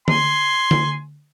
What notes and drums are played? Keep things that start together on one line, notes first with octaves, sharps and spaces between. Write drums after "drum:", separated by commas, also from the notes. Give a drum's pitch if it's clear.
G#5 C6, drum: tom D3
drum: tom D3